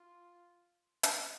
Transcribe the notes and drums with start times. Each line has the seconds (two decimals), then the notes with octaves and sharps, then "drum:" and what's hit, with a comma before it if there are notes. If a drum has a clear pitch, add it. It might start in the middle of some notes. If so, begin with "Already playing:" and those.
Already playing: F4
1.03 drum: hi-hat